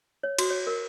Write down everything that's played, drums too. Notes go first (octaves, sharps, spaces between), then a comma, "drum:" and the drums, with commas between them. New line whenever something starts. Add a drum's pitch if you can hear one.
C#5
F#4, drum: cymbal
C#5
A#4